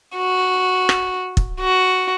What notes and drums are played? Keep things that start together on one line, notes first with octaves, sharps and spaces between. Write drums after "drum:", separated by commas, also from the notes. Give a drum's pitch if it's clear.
F#4
drum: rim click
drum: kick
F#4